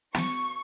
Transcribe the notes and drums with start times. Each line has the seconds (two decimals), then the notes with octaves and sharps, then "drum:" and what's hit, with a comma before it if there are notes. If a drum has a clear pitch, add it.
0.15 C#6, drum: snare